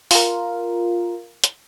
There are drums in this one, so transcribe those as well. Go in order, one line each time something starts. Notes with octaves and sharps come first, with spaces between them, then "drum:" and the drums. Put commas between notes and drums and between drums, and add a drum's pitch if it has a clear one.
F4 A#4, drum: open hi-hat
drum: hi-hat